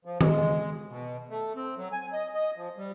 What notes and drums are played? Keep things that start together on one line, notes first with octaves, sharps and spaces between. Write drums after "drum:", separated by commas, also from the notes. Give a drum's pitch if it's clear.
F3
G#3, drum: tom D#3
B2
A3
C4
F#3
G#5
D#5
D#5
F3
G3